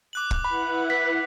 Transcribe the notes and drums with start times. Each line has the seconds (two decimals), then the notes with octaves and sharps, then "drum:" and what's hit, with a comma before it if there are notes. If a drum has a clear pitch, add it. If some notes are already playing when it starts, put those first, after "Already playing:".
0.13 D6 F#6 F#7
0.31 drum: kick
0.45 E4 B4 F#5 B5
0.90 B6